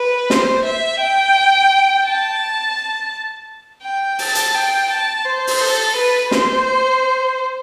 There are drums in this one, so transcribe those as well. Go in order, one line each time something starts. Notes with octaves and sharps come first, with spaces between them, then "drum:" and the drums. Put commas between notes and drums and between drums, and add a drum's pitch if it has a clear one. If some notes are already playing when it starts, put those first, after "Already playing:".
Already playing: B4
C5, drum: snare
E5
G5
A5
G5
A5, drum: open hi-hat
drum: hi-hat
G5
A5
C5
drum: open hi-hat
A4
B4
C5, drum: snare